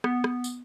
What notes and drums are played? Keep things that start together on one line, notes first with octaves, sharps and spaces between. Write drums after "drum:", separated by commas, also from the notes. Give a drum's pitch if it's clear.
B3, drum: rim click
drum: rim click
drum: tambourine